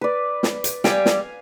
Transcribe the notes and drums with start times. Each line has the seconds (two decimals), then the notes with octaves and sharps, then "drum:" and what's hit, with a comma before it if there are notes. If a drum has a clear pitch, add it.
0.01 B4 D5
0.43 drum: snare
0.64 drum: hi-hat
0.84 G3 G4 F5 G#5, drum: snare
1.06 drum: snare